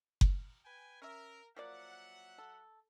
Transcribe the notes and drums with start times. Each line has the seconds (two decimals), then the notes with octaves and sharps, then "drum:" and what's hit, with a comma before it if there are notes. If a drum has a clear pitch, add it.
0.21 drum: kick F#1
0.65 B4 G5 G#5
1.02 C#4 A#4 E5
1.56 F3 F#3 A#3 D5 E5 F#5
2.38 A4